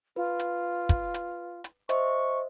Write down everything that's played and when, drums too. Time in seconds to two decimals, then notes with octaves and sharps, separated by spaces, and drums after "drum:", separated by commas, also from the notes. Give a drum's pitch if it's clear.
0.16 F4 B4
0.39 drum: hi-hat
0.89 drum: kick, hi-hat
1.14 drum: hi-hat
1.64 drum: hi-hat
1.89 C5 D#5 E5 C#6, drum: hi-hat